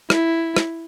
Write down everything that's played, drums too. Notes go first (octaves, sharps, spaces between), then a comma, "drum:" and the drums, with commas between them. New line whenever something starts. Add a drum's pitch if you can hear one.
E4, drum: rim click
drum: rim click